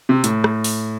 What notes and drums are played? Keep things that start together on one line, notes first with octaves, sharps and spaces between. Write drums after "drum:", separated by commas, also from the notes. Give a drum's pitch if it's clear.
C3
A2, drum: hi-hat
drum: rim click
drum: open hi-hat